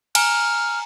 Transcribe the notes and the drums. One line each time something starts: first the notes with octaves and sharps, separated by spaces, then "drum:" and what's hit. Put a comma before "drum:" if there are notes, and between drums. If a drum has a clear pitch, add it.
G#5 A#5 F6 C#7, drum: cymbal